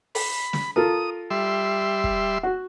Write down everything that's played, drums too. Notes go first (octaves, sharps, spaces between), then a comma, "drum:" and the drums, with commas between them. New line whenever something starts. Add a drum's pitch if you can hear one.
B5, drum: open hi-hat
drum: snare
F4 A4 A#4 D#6
G3 E5 C6
drum: kick
F#4